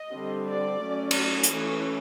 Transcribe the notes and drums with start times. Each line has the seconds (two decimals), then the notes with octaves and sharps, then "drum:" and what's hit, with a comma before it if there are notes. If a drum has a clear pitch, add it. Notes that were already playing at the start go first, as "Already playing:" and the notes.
Already playing: D#5
0.12 D3 G3 C4
0.48 D5
0.83 F#3 A3 C#4
1.11 drum: cymbal
1.43 drum: hi-hat
1.53 E3 A3 C#4 C#5